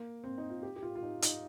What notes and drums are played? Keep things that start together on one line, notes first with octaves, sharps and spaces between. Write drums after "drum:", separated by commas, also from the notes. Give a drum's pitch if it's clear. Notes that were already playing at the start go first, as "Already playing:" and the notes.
Already playing: A#3
C4
D#4
F4
G4
G4
F4
F4
D#4
D#4, drum: hi-hat